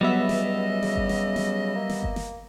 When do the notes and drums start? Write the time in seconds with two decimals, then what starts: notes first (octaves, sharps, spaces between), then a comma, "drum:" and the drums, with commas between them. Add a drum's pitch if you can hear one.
0.01 C#2 F#3 G3 B3 D#5 E5
0.29 drum: snare
0.83 C#3, drum: snare
0.96 drum: kick G1
1.09 drum: snare
1.36 drum: snare
1.76 A#3
1.89 drum: snare
2.03 drum: kick G1
2.16 drum: snare